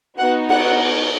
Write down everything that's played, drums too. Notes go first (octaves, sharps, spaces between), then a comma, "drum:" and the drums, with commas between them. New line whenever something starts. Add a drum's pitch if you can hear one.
B3 D#4 F#4 F#5
F#5, drum: cymbal